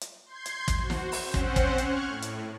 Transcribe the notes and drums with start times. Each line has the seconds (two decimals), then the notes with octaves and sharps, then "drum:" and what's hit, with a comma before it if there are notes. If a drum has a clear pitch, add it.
0.01 drum: hi-hat
0.26 C6 G6 G#6 C7
0.46 drum: hi-hat
0.68 drum: kick, hi-hat
0.78 F#4 C5
0.90 drum: snare
1.12 drum: open hi-hat
1.24 C4 C#4 C5 F#5
1.34 drum: kick
1.56 drum: kick, hi-hat
1.78 C#6 F6 F#6 G#6, drum: hi-hat
2.07 A2
2.22 drum: hi-hat